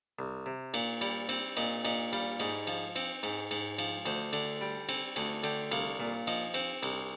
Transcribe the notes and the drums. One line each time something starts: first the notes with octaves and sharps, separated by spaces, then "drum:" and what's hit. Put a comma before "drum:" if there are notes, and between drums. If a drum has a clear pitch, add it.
C2
C3
A#2, drum: cymbal
G3, drum: cymbal
C4, drum: cymbal
A#2 D#5, drum: cymbal
A#2 D#5, drum: cymbal
G3 F5, drum: cymbal
G#2 D#5, drum: cymbal
F3, drum: cymbal
C4, drum: cymbal
G#2, drum: cymbal
G#2, drum: cymbal
F3, drum: cymbal
D2 C5, drum: cymbal
D3, drum: cymbal
G3 G5
C4 G#5, drum: cymbal
D2 G#5, drum: cymbal
D3 G5, drum: cymbal
C2 F5, drum: cymbal
A#2 F5
F3 D#5, drum: cymbal
C4 C5, drum: cymbal
C2, drum: cymbal